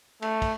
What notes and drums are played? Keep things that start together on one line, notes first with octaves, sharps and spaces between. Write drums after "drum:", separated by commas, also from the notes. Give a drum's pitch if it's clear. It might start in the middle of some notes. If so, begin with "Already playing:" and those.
A3, drum: cymbal
drum: kick, cymbal